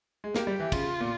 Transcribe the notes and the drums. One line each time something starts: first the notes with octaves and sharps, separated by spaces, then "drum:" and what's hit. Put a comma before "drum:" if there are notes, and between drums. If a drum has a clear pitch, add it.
G#3
A#3 G4, drum: snare
G3
E3
C#3 F4, drum: kick, cymbal
A#2